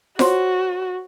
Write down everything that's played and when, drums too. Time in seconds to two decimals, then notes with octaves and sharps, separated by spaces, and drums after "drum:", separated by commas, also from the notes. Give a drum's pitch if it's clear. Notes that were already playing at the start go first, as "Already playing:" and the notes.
0.19 F#4 C5 C#5 C6, drum: snare F4